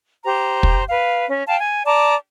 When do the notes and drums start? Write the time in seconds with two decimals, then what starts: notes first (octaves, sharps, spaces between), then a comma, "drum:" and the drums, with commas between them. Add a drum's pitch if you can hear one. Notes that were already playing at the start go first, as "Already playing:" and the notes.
0.25 G4 C5 A#5
0.63 drum: kick
0.90 B4 F5
1.28 C#4
1.47 F5 G5 A5
1.60 G#5
1.85 D5 A5 A#5 D6